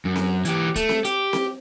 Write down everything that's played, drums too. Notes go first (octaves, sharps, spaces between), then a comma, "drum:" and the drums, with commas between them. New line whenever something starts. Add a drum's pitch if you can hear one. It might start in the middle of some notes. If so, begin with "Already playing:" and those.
F#2
drum: snare C4
E3 G4, drum: hi-hat
A3, drum: kick, hi-hat
drum: snare C4
G4, drum: hi-hat
drum: snare C4